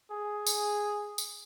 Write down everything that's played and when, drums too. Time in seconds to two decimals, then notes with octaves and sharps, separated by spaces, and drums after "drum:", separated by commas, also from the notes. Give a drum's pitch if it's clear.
0.11 G#4
0.47 drum: tambourine
1.18 drum: tambourine